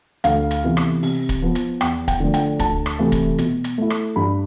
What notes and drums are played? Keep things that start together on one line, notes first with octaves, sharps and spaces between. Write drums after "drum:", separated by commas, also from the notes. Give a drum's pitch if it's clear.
D2 F5, drum: hi-hat
drum: hi-hat
C3 E3 B3
drum: rim click
C3, drum: open hi-hat
drum: kick, hi-hat
F3 B3
drum: hi-hat
E2 G5, drum: rim click
G5, drum: kick, hi-hat
D3 F3 A3 D4
G5, drum: hi-hat
D2 A5, drum: kick, hi-hat
drum: rim click
C3 E3 A3 E4
drum: kick, hi-hat
B2, drum: hi-hat
drum: hi-hat
A3 E4
drum: rim click
G2 B5